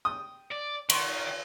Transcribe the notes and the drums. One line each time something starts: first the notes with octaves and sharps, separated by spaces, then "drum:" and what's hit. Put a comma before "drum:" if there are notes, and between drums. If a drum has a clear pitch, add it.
G5 D#6
D5
D#3 F#5 C6 C#6, drum: cymbal